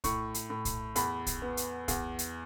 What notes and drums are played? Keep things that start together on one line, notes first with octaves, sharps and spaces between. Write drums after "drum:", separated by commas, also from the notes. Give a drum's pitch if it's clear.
A2 C#6, drum: kick A#1, hi-hat
drum: hi-hat
A2
drum: kick A#1, hi-hat
E2 B5, drum: hi-hat
drum: kick A#1, hi-hat
B3
drum: hi-hat
E2, drum: kick A#1, hi-hat
drum: hi-hat